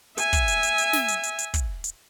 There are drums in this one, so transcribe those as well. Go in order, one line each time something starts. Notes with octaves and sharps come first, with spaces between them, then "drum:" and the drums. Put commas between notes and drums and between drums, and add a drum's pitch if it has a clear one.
E5 G#5, drum: hi-hat
drum: kick, hi-hat
drum: hi-hat
drum: hi-hat
drum: hi-hat
drum: snare
drum: hi-hat
drum: hi-hat
drum: hi-hat
drum: kick, hi-hat
drum: hi-hat